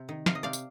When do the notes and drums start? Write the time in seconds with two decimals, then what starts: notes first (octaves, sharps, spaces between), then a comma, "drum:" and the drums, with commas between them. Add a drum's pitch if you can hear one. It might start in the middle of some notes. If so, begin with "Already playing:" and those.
Already playing: C3
0.09 D#3
0.26 C3 F5, drum: snare
0.35 D#5
0.43 C3 D5 F5
0.53 drum: tambourine